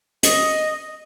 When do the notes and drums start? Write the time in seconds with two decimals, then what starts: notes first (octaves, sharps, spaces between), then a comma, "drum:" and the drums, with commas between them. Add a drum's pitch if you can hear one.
0.23 D#5, drum: hi-hat